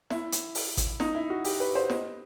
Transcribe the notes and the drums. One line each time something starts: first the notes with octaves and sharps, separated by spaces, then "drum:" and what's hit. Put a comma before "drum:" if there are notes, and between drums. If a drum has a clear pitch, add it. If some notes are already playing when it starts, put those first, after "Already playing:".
E4, drum: snare
drum: hi-hat
drum: open hi-hat
drum: kick, hi-hat
D#4, drum: snare
E4
F#4
G4, drum: open hi-hat
B4
C5
D#5, drum: snare